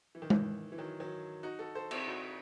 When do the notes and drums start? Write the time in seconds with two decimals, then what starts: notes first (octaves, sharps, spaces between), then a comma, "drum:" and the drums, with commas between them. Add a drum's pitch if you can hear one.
0.15 E3
0.22 D#3
0.30 E3, drum: tom G#3
0.72 E3
0.78 D#3 F#3
1.00 D#3 F#3
1.43 D#4 F#4
1.59 F#4 A4
1.75 A4 C5
1.91 C4 E4, drum: cymbal
2.07 D#4 F#4